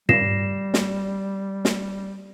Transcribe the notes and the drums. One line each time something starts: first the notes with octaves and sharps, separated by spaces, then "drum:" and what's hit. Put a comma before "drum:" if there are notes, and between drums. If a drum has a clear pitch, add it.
G3 A#6 C7 E7, drum: tom
drum: snare
drum: snare